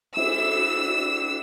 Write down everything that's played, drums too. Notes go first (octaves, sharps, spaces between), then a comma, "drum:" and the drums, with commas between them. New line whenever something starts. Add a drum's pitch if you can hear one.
E6, drum: cymbal